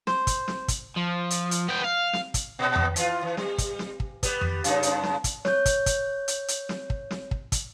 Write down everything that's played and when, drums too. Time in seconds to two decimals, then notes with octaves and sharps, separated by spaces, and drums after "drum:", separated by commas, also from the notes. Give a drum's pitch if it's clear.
0.07 C5, drum: snare
0.27 drum: kick, hi-hat
0.48 drum: snare
0.68 drum: kick, hi-hat
0.96 F3
1.30 drum: hi-hat
1.51 drum: hi-hat
1.68 B3 G5
1.84 F5
2.13 drum: snare
2.34 drum: kick, hi-hat
2.59 A#2
2.76 drum: tom F2
2.96 E3 F4, drum: hi-hat
3.23 E3
3.37 G3, drum: snare
3.58 drum: kick, hi-hat
3.79 drum: snare
4.00 drum: kick
4.23 G3 B3, drum: kick, hi-hat
4.41 drum: tom F2
4.64 F#2 C#3 D#4, drum: hi-hat
4.83 drum: hi-hat
5.03 drum: snare
5.24 drum: kick, hi-hat
5.45 C#5 G6, drum: snare
5.66 drum: kick, hi-hat
5.86 drum: kick, hi-hat
6.28 drum: hi-hat
6.48 drum: hi-hat
6.69 drum: snare
6.90 drum: kick
7.11 drum: snare
7.31 drum: kick
7.52 drum: kick, hi-hat